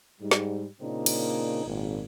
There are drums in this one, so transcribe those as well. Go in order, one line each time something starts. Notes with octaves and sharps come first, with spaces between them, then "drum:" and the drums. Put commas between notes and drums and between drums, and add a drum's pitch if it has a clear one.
G#2 G3
drum: snare
A#2 C#3 A#3 C4 D4 D#4
drum: cymbal
G#1 A#2